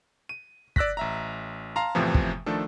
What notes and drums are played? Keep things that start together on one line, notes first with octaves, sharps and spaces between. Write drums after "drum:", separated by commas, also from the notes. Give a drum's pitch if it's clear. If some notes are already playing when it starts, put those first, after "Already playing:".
D#7
D5 E6 F#6 A#6 B6, drum: kick
A1 E5 A#5
F5 A5 A#5 C6
E2 A2 C3 E3 F3
drum: kick
D#3 F3 A3 D4 A4